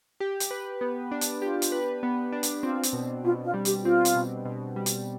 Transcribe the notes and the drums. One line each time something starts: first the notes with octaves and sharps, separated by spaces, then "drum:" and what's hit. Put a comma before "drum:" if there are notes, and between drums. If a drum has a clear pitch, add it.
G4
drum: hi-hat
B4
B3
D4
drum: hi-hat
F4 G4
drum: hi-hat
B4
B3
D4
drum: hi-hat
C4 F4
drum: hi-hat
B2
B2 F4
F4
G3
G4, drum: hi-hat
C4 F4
drum: hi-hat
B2
B2
G3
drum: hi-hat